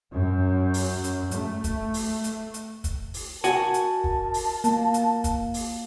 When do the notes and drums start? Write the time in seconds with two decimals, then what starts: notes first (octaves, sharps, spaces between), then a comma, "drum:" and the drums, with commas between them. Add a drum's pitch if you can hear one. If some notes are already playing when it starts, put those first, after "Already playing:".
0.12 F#2
0.74 drum: open hi-hat
1.04 drum: hi-hat
1.31 A3, drum: hi-hat
1.64 drum: kick, hi-hat
1.94 drum: open hi-hat
2.24 drum: hi-hat
2.54 drum: hi-hat
2.84 drum: kick, hi-hat
3.14 drum: open hi-hat
3.44 F#4 A#4 F#5 G#5 A5, drum: hi-hat
3.74 drum: hi-hat
4.04 drum: kick
4.34 drum: open hi-hat
4.64 A#3, drum: hi-hat
4.94 drum: hi-hat
5.24 drum: kick, hi-hat
5.54 drum: open hi-hat